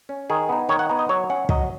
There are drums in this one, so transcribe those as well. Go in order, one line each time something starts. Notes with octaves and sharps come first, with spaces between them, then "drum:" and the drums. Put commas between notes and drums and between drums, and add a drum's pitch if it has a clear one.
C#4
D#3 G#4
B3 D#4
D#3 C#5
F#5
B3 D#4
D#5
F#3 C#5
C#4 F#5
F#3 D#5, drum: kick